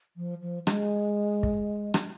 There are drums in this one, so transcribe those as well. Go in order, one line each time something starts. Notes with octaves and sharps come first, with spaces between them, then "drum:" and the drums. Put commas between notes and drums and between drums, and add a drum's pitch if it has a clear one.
F3
F3
G#3, drum: rim click
drum: kick
drum: rim click